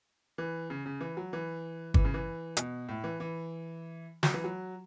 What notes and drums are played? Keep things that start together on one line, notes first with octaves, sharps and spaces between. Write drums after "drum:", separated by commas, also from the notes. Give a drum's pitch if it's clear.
E3
C#3
C#3
E3
F#3
E3
E3, drum: kick
C#3
E3
B2, drum: hi-hat
A2
E3
E3
F#3, drum: snare
E3
F#3